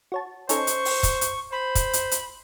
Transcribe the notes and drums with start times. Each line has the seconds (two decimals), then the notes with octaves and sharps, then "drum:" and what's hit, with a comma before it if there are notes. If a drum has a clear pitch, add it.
0.12 F#4 C#5 A5
0.49 C#4 D#4 A4 C5 C#6, drum: hi-hat
0.67 drum: hi-hat
0.85 drum: open hi-hat
1.03 drum: kick, hi-hat
1.21 drum: hi-hat
1.52 C5 B5
1.75 drum: kick, hi-hat
1.93 drum: hi-hat
2.11 drum: hi-hat